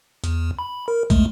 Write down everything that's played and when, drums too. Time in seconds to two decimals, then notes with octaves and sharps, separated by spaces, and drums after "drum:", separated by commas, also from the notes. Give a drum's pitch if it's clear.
0.24 E2, drum: hi-hat
0.59 B5
0.88 A#4
1.10 E2 G#3 A3, drum: kick, hi-hat